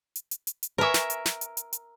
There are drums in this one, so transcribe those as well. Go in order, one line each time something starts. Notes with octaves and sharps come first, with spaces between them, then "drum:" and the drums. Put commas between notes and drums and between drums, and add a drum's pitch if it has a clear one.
drum: hi-hat
drum: hi-hat
drum: hi-hat
drum: hi-hat
A#4 B4 E5 G#5 C#6
drum: snare
drum: hi-hat
drum: snare
drum: hi-hat
drum: hi-hat
drum: hi-hat